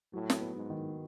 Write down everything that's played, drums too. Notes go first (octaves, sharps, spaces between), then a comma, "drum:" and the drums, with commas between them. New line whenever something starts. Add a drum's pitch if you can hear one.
A2 F#3
drum: snare
B3
G#2
D#3